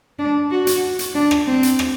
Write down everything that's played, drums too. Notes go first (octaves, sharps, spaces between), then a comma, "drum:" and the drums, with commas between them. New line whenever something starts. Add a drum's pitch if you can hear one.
D4
F#4
drum: hi-hat
drum: hi-hat
D4
drum: rim click
C4
drum: hi-hat
drum: rim click